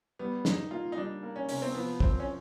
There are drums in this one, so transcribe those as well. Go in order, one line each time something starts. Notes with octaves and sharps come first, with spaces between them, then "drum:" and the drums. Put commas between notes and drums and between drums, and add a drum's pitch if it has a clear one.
G3 B3
D#3 D#4, drum: snare
A#3 F4
D#4
G3 D4
A#3
C#4
C3 C#4, drum: open hi-hat
C4
F3 B3
F#2 C4, drum: kick
C#4